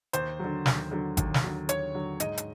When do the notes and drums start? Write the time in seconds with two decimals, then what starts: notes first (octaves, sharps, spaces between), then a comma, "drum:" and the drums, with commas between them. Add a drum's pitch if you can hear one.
0.13 D#2 C5, drum: hi-hat
0.39 D3 F#3
0.66 D#2, drum: snare
0.91 D3 F#3
1.17 D#2, drum: kick, hi-hat
1.34 drum: snare
1.43 D3 F#3
1.69 D#2 C#5, drum: hi-hat
1.95 D3 F#3
2.20 G#2 D#5, drum: hi-hat
2.38 drum: hi-hat